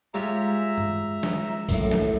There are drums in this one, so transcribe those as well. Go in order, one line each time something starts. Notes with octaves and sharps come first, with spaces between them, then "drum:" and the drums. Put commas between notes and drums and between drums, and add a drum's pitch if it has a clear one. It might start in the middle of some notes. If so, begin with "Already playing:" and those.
G#3 F4 G4 C#5 E5 A#5
drum: tom G2
drum: snare
F#2 A2, drum: kick B1, tambourine
drum: snare